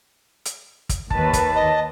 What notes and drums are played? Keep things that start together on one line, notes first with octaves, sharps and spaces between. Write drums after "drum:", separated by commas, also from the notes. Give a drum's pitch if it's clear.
drum: hi-hat
drum: kick, hi-hat
D#2 D#3 B4 A5, drum: kick
drum: kick, hi-hat
D#5